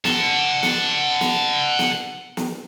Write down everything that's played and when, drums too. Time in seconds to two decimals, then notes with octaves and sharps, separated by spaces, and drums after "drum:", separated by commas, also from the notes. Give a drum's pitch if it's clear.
0.05 F#5 A5, drum: snare
0.63 drum: snare
1.21 drum: snare
1.79 drum: snare
2.37 drum: snare